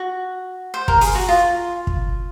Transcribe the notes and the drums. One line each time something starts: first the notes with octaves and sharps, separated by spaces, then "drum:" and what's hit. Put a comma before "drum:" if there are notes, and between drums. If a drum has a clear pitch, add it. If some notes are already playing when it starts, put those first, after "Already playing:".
Already playing: F#4
C5
A#4, drum: kick
G#4, drum: open hi-hat
F#4
F4
drum: kick